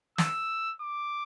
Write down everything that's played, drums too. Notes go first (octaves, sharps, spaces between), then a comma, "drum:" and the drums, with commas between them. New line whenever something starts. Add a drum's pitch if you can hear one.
E6, drum: snare
D6